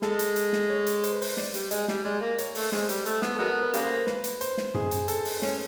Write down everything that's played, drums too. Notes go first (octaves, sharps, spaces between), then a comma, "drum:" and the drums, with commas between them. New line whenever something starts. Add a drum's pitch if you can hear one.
G#3 A4, drum: snare
drum: hi-hat
drum: hi-hat
drum: snare
C#5
drum: hi-hat
C5, drum: hi-hat
B4
C5, drum: open hi-hat
D5, drum: snare
G3, drum: hi-hat
G#3 D#5, drum: hi-hat
G3, drum: snare
G#3 D5
A#3
C#5, drum: hi-hat
A3, drum: open hi-hat
G#3 C5, drum: snare
G3, drum: hi-hat
A3, drum: hi-hat
B3, drum: snare
A4
F#3 G#3 B3 A#4
B4
C#3 G3 A#3, drum: hi-hat
C5
B4, drum: snare
drum: hi-hat
C5, drum: hi-hat
drum: snare
G#4, drum: tom F#2
drum: hi-hat
A4, drum: hi-hat
drum: open hi-hat
C#4, drum: snare